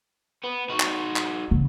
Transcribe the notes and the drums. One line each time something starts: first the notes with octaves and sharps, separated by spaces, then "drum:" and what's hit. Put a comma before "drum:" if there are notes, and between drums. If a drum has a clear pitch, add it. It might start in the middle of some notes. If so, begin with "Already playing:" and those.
B3
D#4 F#4
drum: clap
drum: clap
C#3